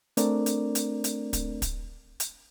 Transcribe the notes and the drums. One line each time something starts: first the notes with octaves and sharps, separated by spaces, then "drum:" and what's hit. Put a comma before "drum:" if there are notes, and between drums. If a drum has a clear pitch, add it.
A3 C4 D4 A#4 D5, drum: hi-hat
drum: hi-hat
drum: hi-hat
drum: hi-hat
drum: kick, hi-hat
drum: kick, hi-hat
drum: hi-hat